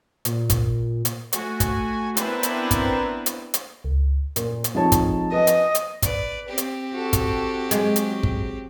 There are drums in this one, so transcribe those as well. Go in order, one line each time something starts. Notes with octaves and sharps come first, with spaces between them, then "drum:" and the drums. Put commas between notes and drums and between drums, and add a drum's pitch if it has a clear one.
A#2, drum: hi-hat
drum: kick, hi-hat
drum: hi-hat
A3 F#4 G#5, drum: hi-hat
drum: kick, hi-hat
B3 C4 D4 E4 A#4 B4, drum: hi-hat
drum: hi-hat
drum: kick, hi-hat
drum: hi-hat
drum: hi-hat
C#2
A#2, drum: hi-hat
drum: hi-hat
F2 G#3 D#4 C#5 A5
drum: kick, hi-hat
B4 D#5 G#5
drum: hi-hat
drum: hi-hat
B4 D5, drum: kick, hi-hat
C4 G4
drum: hi-hat
F#4 A4
drum: kick, hi-hat
F#3 G#3, drum: hi-hat
drum: hi-hat
drum: kick